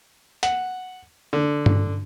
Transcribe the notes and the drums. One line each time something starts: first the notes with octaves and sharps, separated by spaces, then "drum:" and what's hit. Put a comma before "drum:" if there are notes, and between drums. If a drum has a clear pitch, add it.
F#5, drum: hi-hat
D3
drum: tom G2